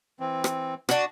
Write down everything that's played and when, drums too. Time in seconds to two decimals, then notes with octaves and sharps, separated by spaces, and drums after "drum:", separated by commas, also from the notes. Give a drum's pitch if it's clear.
0.20 E3 C4
0.44 drum: rim click
0.89 D4 F#4, drum: rim click